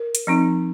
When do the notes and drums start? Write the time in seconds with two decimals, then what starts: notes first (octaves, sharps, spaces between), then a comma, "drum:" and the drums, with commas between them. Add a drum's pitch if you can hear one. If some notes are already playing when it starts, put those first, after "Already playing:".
Already playing: A#4
0.15 drum: hi-hat
0.27 F3 C4 D#4